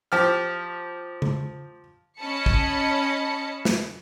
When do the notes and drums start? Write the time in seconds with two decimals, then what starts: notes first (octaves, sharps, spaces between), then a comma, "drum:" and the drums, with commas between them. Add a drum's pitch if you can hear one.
0.12 F3 G4 F6
1.22 drum: tom C#3
2.19 C#4 D#5 A5 B5 C#7
2.46 drum: kick A#1
3.65 drum: snare